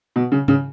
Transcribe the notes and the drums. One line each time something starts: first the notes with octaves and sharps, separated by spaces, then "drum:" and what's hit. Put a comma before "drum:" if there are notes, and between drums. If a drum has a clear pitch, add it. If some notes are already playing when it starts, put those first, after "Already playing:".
B2
C#3
C#3, drum: tom G#2